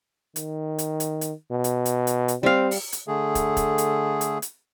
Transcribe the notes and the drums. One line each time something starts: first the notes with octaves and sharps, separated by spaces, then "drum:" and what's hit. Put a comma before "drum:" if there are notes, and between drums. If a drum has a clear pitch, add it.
D#3, drum: hi-hat
drum: hi-hat
drum: hi-hat
drum: hi-hat
B2
drum: hi-hat
drum: hi-hat
drum: hi-hat
drum: hi-hat
G3 C4 F5
drum: open hi-hat
drum: hi-hat
D3 A3 G#4
drum: kick, hi-hat
drum: kick, hi-hat
drum: hi-hat
drum: hi-hat
drum: hi-hat